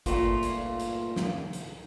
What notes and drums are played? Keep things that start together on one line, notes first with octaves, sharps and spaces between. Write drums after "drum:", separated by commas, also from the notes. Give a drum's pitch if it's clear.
G2 A#2 A3 A#3 F4, drum: kick G1, hi-hat
drum: hi-hat
drum: hi-hat
drum: snare
drum: hi-hat